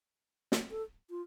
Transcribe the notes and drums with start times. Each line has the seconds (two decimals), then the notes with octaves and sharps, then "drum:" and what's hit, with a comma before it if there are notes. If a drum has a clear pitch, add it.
0.52 drum: snare
0.71 A4
1.10 F4